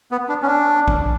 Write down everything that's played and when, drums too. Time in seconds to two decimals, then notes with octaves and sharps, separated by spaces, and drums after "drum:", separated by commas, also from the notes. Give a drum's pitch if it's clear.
0.11 B3
0.29 D4
0.42 C#4
0.47 D4
0.88 drum: kick A#1